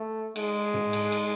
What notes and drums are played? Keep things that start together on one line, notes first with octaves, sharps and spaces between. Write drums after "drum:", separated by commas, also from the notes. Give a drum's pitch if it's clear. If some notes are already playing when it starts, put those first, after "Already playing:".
Already playing: A3
G#3, drum: cymbal
drum: tom
drum: cymbal
drum: cymbal